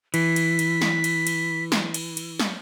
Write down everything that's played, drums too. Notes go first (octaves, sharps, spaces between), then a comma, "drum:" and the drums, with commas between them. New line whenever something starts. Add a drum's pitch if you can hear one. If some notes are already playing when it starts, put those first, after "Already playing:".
E3 B6, drum: cymbal
drum: cymbal
drum: cymbal
drum: snare
drum: cymbal
drum: cymbal
drum: snare
drum: cymbal
drum: cymbal
drum: snare